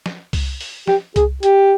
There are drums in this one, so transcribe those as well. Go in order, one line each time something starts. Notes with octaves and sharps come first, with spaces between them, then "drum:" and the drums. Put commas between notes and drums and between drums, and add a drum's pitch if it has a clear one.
drum: snare
drum: kick C2, open hi-hat
drum: open hi-hat
G4, drum: snare
G#4, drum: kick C2, hi-hat
G4, drum: hi-hat